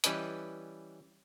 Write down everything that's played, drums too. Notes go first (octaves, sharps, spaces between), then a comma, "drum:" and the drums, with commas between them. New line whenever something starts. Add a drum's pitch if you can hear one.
E3 G3 C#4 B4 D#5, drum: hi-hat